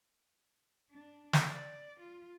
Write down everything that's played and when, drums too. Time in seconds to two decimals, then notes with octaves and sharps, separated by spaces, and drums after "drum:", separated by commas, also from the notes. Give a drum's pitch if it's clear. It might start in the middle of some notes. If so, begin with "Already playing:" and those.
0.91 D4
1.33 drum: snare
1.49 D5
1.99 F4